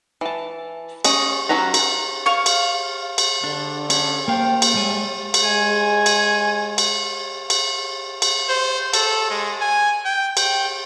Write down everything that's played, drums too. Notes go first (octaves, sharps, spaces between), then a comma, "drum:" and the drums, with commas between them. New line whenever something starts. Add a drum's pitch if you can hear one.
E3 A5
C#4 D#5, drum: cymbal
F#3 C#4 B4 A#5
drum: cymbal
F5 C#6
drum: cymbal
drum: cymbal
D3 D4
C#4, drum: cymbal
A#3 C5 F5 G5
drum: cymbal
A2 G3 G#3 G#5
drum: cymbal
G#3 G#5
drum: cymbal
drum: cymbal
drum: cymbal
drum: cymbal
C5
A4, drum: cymbal
G#3
G#5
G5
G5, drum: cymbal